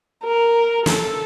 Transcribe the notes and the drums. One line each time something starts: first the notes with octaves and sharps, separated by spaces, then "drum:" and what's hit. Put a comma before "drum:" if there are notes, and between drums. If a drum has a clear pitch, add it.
A#4
A4, drum: snare